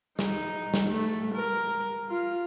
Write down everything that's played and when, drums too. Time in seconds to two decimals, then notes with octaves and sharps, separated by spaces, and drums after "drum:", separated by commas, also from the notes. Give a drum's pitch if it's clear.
0.19 D#4, drum: snare
0.74 drum: snare
0.89 A3
1.35 A#4
2.09 F4